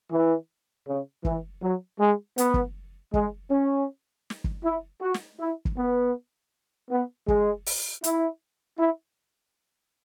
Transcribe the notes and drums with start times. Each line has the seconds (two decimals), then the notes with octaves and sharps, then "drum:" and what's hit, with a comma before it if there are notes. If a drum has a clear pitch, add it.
0.11 E3
0.88 C#3
1.25 E3, drum: kick
1.63 F#3
2.00 G#3
2.38 B3, drum: hi-hat
2.54 drum: kick
3.14 G#3, drum: kick
3.51 C#4
4.30 drum: snare
4.44 drum: kick
4.64 E4
5.02 F#4
5.14 drum: snare
5.40 E4
5.65 drum: kick
5.77 B3
6.91 B3
7.28 G#3, drum: kick
7.66 drum: open hi-hat
8.04 E4, drum: hi-hat
8.79 E4